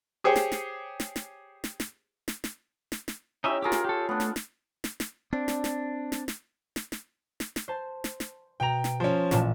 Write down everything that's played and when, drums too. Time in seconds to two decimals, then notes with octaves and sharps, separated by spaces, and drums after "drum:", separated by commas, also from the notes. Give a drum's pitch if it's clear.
0.24 G4 G#4 C5 C#5 G5
0.36 drum: snare
0.52 drum: snare
1.00 drum: snare
1.16 drum: snare
1.64 drum: snare
1.80 drum: snare
2.28 drum: snare
2.44 drum: snare
2.92 drum: snare
3.08 drum: snare
3.44 C#4 D#4 E4 G4 D#5 E5
3.62 F4 G4 G#4 A#4 G5
3.72 drum: snare
3.85 G4 A4
4.09 A3 B3 D4
4.20 drum: snare
4.36 drum: snare
4.84 drum: snare
5.00 drum: snare
5.33 C4 D4
5.48 drum: snare
5.64 drum: snare
6.12 drum: snare
6.28 drum: snare
6.76 drum: snare
6.92 drum: snare
7.40 drum: snare
7.56 drum: snare
7.68 C5 A5
8.04 drum: snare
8.20 drum: snare
8.60 B2 G5 A#5 F7
8.84 drum: snare
9.00 F3 C#4 C6
9.31 A1 A#2 A5, drum: snare